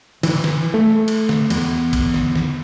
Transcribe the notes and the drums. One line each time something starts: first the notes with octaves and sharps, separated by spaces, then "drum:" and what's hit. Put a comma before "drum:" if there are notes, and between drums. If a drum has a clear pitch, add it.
E3, drum: cymbal
drum: snare
A3
drum: cymbal
drum: snare
E2, drum: cymbal
drum: kick G#1, cymbal
drum: snare
drum: snare